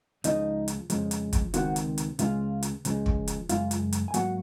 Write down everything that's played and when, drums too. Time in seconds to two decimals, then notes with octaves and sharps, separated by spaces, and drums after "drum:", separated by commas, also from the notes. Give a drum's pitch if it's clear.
0.24 C#2 C#3 F3 G#3 D#4 D#5, drum: hi-hat
0.68 drum: hi-hat
0.90 F2 C#3 F3 G#3, drum: hi-hat
1.11 drum: hi-hat
1.33 drum: kick, hi-hat
1.54 C#2 C3 D#3 F#4 F#5, drum: hi-hat
1.76 drum: hi-hat
1.98 drum: hi-hat
2.19 C#2 C#3 G#3 F4 F5, drum: hi-hat
2.63 drum: hi-hat
2.85 C#2 C#3 F3 G#3, drum: hi-hat
3.06 drum: kick
3.28 drum: hi-hat
3.49 F#2 C#3 G#3 F4 F5, drum: hi-hat
3.71 drum: hi-hat
3.93 drum: hi-hat
4.08 G#5
4.14 G#2 F#3 A#3 F#4 F#5, drum: hi-hat